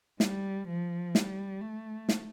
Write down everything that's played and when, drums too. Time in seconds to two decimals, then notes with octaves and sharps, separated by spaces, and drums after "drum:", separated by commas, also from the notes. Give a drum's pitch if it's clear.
0.20 G3, drum: snare
0.68 F3
1.15 G3, drum: snare
1.61 A3
2.09 drum: snare